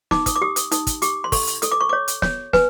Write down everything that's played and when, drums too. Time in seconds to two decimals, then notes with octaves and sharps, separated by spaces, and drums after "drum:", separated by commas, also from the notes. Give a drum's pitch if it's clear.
0.11 D#4 D6, drum: snare
0.26 D#6, drum: kick, hi-hat
0.36 D6
0.42 G4 D#6
0.56 D#6, drum: hi-hat
0.72 D#4 D#6, drum: hi-hat
0.87 drum: kick, hi-hat
1.02 G4 D6, drum: hi-hat
1.24 C6
1.32 A4 C#6, drum: kick, open hi-hat
1.47 drum: hi-hat
1.62 A4 D#6, drum: hi-hat
1.72 D6
1.81 C#6
1.89 C#5 D6
2.08 drum: hi-hat
2.22 C#5, drum: snare
2.53 B4 G#5, drum: snare